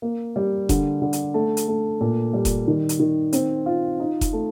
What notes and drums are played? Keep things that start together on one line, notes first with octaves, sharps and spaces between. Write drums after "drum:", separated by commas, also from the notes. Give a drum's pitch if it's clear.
A#3
G3
D3, drum: kick F1, hi-hat
D3
drum: hi-hat
A3
drum: hi-hat
A3
A#2
G3
drum: kick F1, hi-hat
D#3
drum: hi-hat
D#3
C4, drum: hi-hat
F4
D#4
drum: kick F1, hi-hat
A3